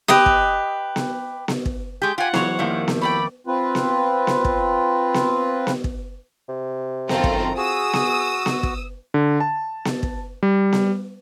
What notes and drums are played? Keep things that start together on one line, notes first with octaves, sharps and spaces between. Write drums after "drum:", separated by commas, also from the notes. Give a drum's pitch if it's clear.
G4 B4 D#5 D#6, drum: snare B3
drum: kick
drum: snare B3
drum: snare B3
drum: kick
G#3 G4 G6
F4 G4 F#5 G#5
E3 F#3 G#3 C5 C#5, drum: snare B3
F2 D#3 F3 G3 A#3 E4
drum: snare B3
A3 D5 G5 B5
C4 F4 B4
drum: snare B3
drum: snare B3
drum: kick
drum: snare B3
drum: snare B3
drum: kick
C3
F#2 D#3 C4 F4 A4 A#5, drum: snare B3
drum: kick
F#4 G#4 D#6 E6
drum: snare B3
drum: snare B3
drum: kick
D3
A5
drum: snare B3
drum: kick
G3
drum: snare B3